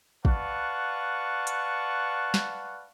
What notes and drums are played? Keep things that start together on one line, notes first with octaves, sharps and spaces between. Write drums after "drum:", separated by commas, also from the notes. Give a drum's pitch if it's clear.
B4 D5 F5 F#5 A5 C#6, drum: kick
drum: hi-hat
drum: snare